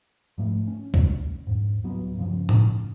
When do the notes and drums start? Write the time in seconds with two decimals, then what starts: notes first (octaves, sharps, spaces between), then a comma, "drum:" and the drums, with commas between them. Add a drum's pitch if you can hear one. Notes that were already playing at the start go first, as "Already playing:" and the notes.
0.38 G#2 F3 A3
0.68 C#4
0.94 drum: kick C2
1.47 F2 G#2
1.83 D1 F#3 B3
2.18 G2 C#3 F3 C#4
2.49 drum: tom A2